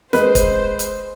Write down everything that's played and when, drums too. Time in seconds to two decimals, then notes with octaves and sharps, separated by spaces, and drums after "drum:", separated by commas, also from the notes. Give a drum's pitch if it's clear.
0.13 G#3 B4 C5, drum: snare
0.35 drum: kick, hi-hat
0.79 drum: hi-hat